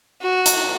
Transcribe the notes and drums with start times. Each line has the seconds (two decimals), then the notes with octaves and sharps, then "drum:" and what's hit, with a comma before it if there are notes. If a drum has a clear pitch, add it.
0.22 F#4
0.46 drum: hi-hat